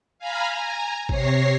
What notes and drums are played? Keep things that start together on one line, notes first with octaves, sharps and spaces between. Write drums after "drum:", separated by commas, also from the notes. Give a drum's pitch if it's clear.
F5 G#5 A#5 B5 F6
G#5 A#5
C3 C#5 A#6 C7, drum: kick